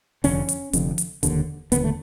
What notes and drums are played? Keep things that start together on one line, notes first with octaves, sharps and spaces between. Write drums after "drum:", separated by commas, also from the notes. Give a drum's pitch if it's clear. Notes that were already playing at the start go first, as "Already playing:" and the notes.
F1 F2 D3 C#4, drum: open hi-hat
drum: hi-hat
F1 F2 D3, drum: hi-hat
drum: hi-hat
E1 D#2 D3, drum: hi-hat
E1 D#2 D3 B3, drum: hi-hat
A3